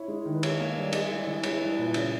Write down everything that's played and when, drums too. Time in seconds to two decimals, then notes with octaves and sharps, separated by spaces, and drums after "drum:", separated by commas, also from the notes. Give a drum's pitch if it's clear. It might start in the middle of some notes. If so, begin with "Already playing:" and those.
Already playing: E4 C#5
0.08 G#3
0.25 D#3
0.34 B4
0.43 D#4 C#5, drum: cymbal
0.60 A#3
0.77 G3
0.84 C#5
0.93 G#3 D#5, drum: cymbal
1.10 E3 E5
1.26 E3 D#5
1.43 E4 C#5, drum: cymbal
1.55 B4
1.61 G3
1.77 A#2 B4
1.94 C#3 C#5, drum: cymbal